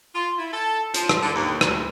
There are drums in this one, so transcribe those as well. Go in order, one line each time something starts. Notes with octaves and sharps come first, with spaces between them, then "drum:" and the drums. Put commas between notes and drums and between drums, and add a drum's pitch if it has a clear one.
F4
E4
A4
F3, drum: hi-hat
drum: rim click
D3
D#2
D2, drum: rim click